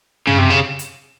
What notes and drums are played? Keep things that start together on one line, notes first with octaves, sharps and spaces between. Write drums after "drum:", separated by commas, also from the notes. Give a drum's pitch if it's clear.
C#3, drum: tom
C3
C#3
drum: hi-hat